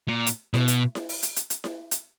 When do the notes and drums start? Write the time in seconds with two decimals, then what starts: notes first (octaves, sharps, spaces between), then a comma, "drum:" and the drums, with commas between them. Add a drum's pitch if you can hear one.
0.08 A#2
0.27 drum: hi-hat
0.54 B2, drum: snare E4
0.68 drum: hi-hat
0.95 drum: snare E4
1.09 drum: open hi-hat
1.23 drum: hi-hat
1.36 drum: hi-hat
1.50 drum: hi-hat
1.64 drum: snare E4
1.91 drum: hi-hat